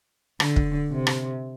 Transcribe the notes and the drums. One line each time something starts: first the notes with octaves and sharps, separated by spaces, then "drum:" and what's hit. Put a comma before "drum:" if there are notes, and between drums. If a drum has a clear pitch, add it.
D3, drum: rim click
drum: kick
C3
drum: rim click